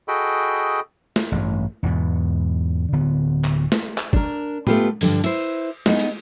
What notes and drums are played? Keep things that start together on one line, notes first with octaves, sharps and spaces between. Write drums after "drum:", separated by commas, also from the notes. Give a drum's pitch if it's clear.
F#4 G#4 A4 D#5 G5 B5
drum: snare
A1 G2
E2 G#2 B2
D1 D3 B3
drum: clap
drum: snare
drum: clap
D4 A#4, drum: kick
A3 B3 F4 G4 B4, drum: tom A2
G2 B2 D3 F3, drum: open hi-hat
E4 B4 C5, drum: cymbal
G#3 B3 D#4, drum: snare
drum: cymbal